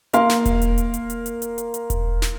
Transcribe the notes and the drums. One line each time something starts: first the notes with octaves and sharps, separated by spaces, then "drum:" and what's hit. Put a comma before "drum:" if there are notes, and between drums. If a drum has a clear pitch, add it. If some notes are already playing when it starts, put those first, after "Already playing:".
A#3 A#4 F5 C6, drum: hi-hat
drum: snare
drum: kick E1, hi-hat
drum: hi-hat
drum: hi-hat
drum: hi-hat
drum: hi-hat
drum: hi-hat
drum: hi-hat
drum: hi-hat
drum: hi-hat
drum: kick E1, hi-hat
drum: snare